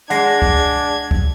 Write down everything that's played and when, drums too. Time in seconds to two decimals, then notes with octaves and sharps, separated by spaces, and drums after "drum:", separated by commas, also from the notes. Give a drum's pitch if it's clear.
0.10 G#3 D4 F#5 G#6 A#6 C7, drum: hi-hat
0.42 drum: kick C#2
1.11 drum: kick C#2